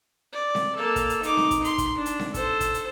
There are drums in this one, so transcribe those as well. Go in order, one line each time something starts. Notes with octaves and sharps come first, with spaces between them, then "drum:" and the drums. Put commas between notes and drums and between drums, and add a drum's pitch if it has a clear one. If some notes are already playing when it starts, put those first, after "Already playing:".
D5
drum: snare C4
A#3 A4
drum: kick, hi-hat
drum: hi-hat
D#4 D6, drum: hi-hat
drum: snare C4
drum: kick, hi-hat
C6, drum: hi-hat
drum: kick, hi-hat
D4
drum: hi-hat
drum: snare C4
A4 C5, drum: kick, hi-hat
drum: kick, hi-hat
drum: hi-hat